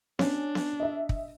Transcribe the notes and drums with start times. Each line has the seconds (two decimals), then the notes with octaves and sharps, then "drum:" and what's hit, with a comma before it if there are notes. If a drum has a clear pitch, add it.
0.19 C#4 D4, drum: snare B3
0.55 drum: snare B3
0.80 D#5 E5
1.09 drum: kick